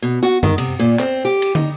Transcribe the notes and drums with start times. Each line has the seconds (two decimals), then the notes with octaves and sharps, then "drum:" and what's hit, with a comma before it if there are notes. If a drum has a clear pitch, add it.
0.02 B2
0.23 F#4
0.43 D#3, drum: tom F#2
0.58 C3, drum: cymbal
0.79 A#2
0.99 C4, drum: clap
1.25 G4
1.42 drum: cymbal
1.55 D#4, drum: tom